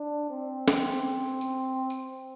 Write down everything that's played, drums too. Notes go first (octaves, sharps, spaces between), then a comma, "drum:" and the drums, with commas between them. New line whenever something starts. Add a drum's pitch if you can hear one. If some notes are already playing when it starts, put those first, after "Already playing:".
Already playing: D4
C4
drum: snare
drum: tambourine
drum: tambourine
drum: tambourine